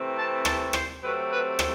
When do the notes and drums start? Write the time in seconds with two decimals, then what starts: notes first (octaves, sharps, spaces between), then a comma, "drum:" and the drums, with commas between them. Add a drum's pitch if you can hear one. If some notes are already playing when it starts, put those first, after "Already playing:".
Already playing: C3 E3 A3 C4
0.17 A5
0.45 A5, drum: rim click
0.73 C5, drum: rim click
1.02 C3 F#3 A3 C4 B4
1.30 B4
1.59 drum: rim click